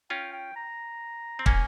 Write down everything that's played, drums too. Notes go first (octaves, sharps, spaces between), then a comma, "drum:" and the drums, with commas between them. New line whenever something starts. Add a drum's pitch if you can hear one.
C#4 F4 G5
G5
A#5
C4
A#3 C#4 G#5, drum: kick